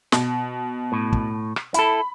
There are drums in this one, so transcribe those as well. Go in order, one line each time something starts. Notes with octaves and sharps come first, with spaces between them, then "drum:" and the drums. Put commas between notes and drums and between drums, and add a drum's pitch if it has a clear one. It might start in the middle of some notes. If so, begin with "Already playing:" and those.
B2, drum: snare
A2
drum: kick
drum: rim click
E4 A4 B5, drum: hi-hat